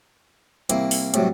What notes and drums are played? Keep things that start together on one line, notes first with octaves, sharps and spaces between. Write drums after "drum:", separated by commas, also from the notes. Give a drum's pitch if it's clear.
C2 A#3 C4 E4, drum: hi-hat
drum: open hi-hat
A2 C3 F#3 G3, drum: hi-hat